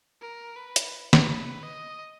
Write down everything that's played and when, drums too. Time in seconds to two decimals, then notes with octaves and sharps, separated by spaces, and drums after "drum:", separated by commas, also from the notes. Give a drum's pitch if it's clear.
0.21 A#4
0.56 B4
0.76 drum: hi-hat
1.13 drum: snare
1.27 B4
1.63 D#5